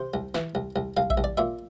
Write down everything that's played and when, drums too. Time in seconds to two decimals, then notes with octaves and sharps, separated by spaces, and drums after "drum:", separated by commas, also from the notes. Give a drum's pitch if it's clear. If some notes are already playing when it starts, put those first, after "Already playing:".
Already playing: C3 C5
0.14 C2
0.35 E3, drum: snare
0.55 C2
0.76 C2
0.97 C2 F5
1.10 E5, drum: kick A#1
1.17 C2
1.24 D5
1.37 A#2 E5